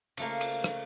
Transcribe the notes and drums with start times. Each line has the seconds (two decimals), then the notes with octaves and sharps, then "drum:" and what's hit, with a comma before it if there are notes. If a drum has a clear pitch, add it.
0.17 C#3 A3 A#3, drum: cymbal
0.41 drum: cymbal
0.64 drum: rim click